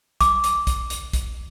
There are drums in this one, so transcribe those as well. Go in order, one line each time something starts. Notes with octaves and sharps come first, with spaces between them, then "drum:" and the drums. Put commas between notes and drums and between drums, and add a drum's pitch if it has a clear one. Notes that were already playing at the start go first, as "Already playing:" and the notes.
D6, drum: kick, hi-hat
drum: hi-hat
drum: kick, hi-hat
drum: hi-hat
drum: kick, hi-hat